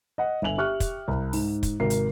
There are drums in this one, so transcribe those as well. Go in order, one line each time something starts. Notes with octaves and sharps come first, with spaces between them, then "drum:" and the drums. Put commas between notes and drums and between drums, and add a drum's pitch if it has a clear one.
D#5 F#5
G1 E5 G#5 F7 F#7
G4 E5 C#6 F6 F#6
drum: kick, hi-hat
C2
G#2, drum: open hi-hat
drum: kick, hi-hat
G#1 C3 A#4 C7
drum: hi-hat